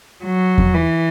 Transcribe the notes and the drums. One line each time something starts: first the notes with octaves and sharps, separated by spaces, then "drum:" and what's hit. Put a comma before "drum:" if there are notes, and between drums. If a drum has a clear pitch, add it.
F#3
drum: kick E2
E3